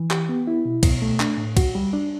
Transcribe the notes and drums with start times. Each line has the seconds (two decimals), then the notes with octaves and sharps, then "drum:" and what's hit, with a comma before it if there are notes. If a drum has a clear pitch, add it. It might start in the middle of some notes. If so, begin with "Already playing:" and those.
Already playing: E3
0.11 G4, drum: clap
0.29 B3
0.47 E4
0.65 B2
0.83 B2, drum: kick, cymbal
1.02 A3
1.20 D4, drum: clap
1.38 A2
1.57 F#4, drum: kick, cymbal
1.75 G3
1.93 D4